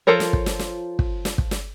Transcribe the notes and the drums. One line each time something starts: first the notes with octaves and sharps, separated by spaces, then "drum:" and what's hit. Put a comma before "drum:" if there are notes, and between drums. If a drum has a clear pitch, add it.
F3 F4 A4 A#4 C#5
drum: snare
drum: kick
drum: snare
drum: snare
drum: kick
drum: snare
drum: kick
drum: snare